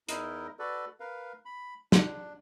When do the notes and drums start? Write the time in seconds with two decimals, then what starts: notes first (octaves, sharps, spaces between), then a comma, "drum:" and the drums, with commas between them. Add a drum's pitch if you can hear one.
0.09 E2 D#4 E4 A#4 D#5, drum: hi-hat
0.59 F#4 A4 B4 D5
1.00 A#4 B4 F5
1.45 B5
1.92 D4, drum: snare